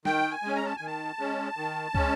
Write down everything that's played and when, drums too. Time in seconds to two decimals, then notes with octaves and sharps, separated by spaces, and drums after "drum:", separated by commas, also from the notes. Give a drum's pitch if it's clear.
0.05 D#3 G5, drum: snare
0.31 G#5
0.43 G#3 C#4
0.56 A#5
0.66 A5
0.76 D#3 G#5
0.87 A5
1.19 G#3 C#4
1.57 D#3
1.95 G#3 C#4, drum: kick